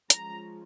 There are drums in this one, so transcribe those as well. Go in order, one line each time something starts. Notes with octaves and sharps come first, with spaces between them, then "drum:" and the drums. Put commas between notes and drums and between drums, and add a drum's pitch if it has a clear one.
F3 G#3 C#4 A#5, drum: hi-hat